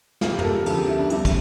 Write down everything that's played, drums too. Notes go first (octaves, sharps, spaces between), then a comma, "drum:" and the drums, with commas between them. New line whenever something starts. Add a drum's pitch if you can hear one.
F1 F2 E3 F4, drum: snare
G4
A#4, drum: tom
A4
A#4
D2 C#3 F3 A4, drum: cymbal
G4
E4
D4
E2 C#3 G3 E4, drum: cymbal
drum: kick, cymbal